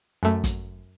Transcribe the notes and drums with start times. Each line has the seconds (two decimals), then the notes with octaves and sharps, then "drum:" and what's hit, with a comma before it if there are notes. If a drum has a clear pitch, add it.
0.23 F#2 A3
0.44 drum: kick, hi-hat